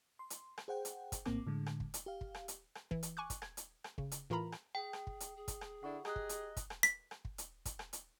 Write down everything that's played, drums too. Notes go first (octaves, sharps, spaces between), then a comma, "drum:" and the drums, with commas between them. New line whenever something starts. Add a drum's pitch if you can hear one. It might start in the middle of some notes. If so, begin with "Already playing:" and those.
C6
drum: hi-hat
drum: rim click
G#4 C5 F#5 G5
drum: hi-hat
drum: kick, hi-hat
A#1 A2 A#3 C4 D6, drum: rim click
A2 D3 G#3
drum: rim click
drum: kick
drum: hi-hat
G4 F5
drum: kick
drum: rim click
drum: hi-hat
drum: rim click
E3, drum: kick
drum: hi-hat
G#5 C#6 D6 F#6
drum: kick, hi-hat
G#6, drum: rim click
drum: hi-hat
drum: rim click
C#3, drum: kick
drum: hi-hat
A2 E3 F4 A#4 A#5 B5
drum: rim click
G#4 G5
drum: rim click
drum: kick
drum: hi-hat
G#4
drum: kick, hi-hat
drum: rim click
D3 D4 E4 F#5 C#6
G4 G#4 D#5 A#5 D#6 F#6, drum: rim click
drum: kick
drum: hi-hat
drum: kick, hi-hat
drum: rim click
B6, drum: hi-hat
drum: rim click
drum: kick
drum: hi-hat
drum: kick, hi-hat
drum: rim click
drum: hi-hat